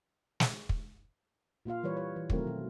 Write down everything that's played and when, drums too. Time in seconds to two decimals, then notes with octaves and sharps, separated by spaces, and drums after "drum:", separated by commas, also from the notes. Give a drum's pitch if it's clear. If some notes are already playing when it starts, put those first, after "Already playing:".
0.40 drum: snare
0.69 drum: kick
1.65 A#2 A#3 F4 F5
1.83 E3 G3 B4 C#5
1.97 C#5
2.16 E3
2.30 B2 D#3 F#3 A3 C4 A#4, drum: kick
2.47 B2